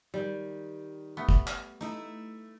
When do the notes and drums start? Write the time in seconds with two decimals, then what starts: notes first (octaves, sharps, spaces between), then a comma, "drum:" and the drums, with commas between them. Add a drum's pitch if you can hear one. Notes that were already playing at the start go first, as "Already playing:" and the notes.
0.14 D#3 G3
1.17 A3 B3
1.29 drum: kick
1.47 drum: clap
1.81 A3 D#4 E4 E5